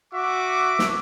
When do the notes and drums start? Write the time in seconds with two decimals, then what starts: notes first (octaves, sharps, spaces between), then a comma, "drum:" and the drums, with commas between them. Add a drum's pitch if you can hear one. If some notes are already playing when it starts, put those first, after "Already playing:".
0.14 F#4 E5 D6
0.79 drum: snare